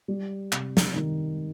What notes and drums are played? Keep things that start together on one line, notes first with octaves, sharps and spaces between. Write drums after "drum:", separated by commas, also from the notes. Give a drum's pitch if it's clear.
G3
C3, drum: clap
drum: snare
D#3